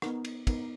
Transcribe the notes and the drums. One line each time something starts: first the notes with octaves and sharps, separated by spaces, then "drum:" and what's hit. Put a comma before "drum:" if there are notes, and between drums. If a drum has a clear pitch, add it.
B3 D#4 A#4, drum: rim click
drum: cymbal
B3 D#4 A#4, drum: kick, cymbal